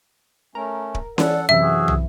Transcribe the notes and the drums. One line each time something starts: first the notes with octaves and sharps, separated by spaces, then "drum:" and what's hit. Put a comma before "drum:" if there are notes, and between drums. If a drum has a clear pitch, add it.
A3 C#4 A#4
drum: kick D1
E3 C#4 A4 D5 F#5, drum: snare C#4
F#2 C3 E3 E5 E6
F#4 G#4
drum: tom